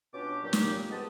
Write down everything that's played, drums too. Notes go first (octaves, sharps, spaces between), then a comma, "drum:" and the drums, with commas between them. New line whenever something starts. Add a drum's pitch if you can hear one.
B2 C#4 D4 F4 G4 D6
D#2 A#2 F#3 G4
drum: snare
F3 G#3 B3 B4 D#5 A5